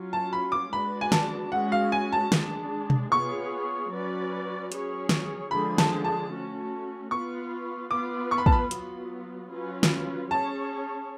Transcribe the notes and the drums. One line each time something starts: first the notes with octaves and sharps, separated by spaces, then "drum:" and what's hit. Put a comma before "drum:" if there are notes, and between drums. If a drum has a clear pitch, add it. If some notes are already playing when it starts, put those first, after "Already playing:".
Already playing: F#3 C#4 F4
A5
B5
D6
G#3 D4 F#4 B4 D5 B5
G#5
A5, drum: snare
G#3 C#4 F#4 F#5
F5
G#5
A5
G#3 D4 G#4, drum: snare
drum: tom B2
B3 F4 G#4 C#5 C#6
F#3 C#4 F#4 B4 D5
F#3 C#4 G#4 C#5, drum: hi-hat
drum: snare
D3 F3 G#3 D4 G#4 B5
A5, drum: snare
A5
A3 C#4 F#4
B3 F4 B4 C#6
B3 F4 B4 D6
C#6
B5
A5, drum: kick
B5
F#3 B3 F4, drum: hi-hat
F#3 C#4 F4 B4
drum: snare
C#4 G#4 C#5 A5